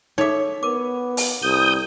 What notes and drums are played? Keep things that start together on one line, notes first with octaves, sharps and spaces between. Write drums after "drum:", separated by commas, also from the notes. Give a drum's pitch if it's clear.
D#4 A4 C#5 E5 D6
B3 A#4 D6
drum: open hi-hat
C2 D#6 G6